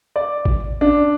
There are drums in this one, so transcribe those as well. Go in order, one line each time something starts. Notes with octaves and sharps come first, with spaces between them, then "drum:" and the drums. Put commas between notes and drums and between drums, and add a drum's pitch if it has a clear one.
D5
drum: kick G#1
D4